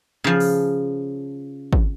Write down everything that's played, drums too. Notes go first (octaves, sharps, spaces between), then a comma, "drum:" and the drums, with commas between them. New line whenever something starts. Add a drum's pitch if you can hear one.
C#3 F3
drum: open hi-hat
drum: kick